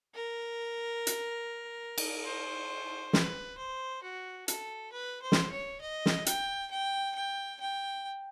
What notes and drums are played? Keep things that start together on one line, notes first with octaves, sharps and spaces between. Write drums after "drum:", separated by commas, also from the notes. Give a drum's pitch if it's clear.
A#4
drum: hi-hat
drum: cymbal
C5
B4, drum: snare
C5
F#4
A4, drum: hi-hat
B4
C5
drum: snare
C#5
D#5
drum: snare
G5, drum: hi-hat
G5
G5
G5